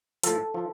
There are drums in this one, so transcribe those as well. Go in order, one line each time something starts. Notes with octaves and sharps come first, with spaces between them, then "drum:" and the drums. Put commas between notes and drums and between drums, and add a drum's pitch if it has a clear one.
A2 F3 A4, drum: hi-hat
F3